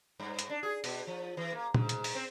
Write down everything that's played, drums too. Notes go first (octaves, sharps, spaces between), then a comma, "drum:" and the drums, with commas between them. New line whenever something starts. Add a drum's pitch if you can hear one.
G2
drum: hi-hat
D4
G#4
B2, drum: open hi-hat
F3
E3
A#3
G#2, drum: tom
drum: hi-hat
drum: open hi-hat
C4